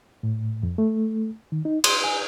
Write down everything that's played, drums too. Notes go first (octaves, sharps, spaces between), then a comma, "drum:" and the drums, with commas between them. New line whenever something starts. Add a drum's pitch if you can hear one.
A2
F2
A3
D#3
D#4
C6, drum: cymbal
G#5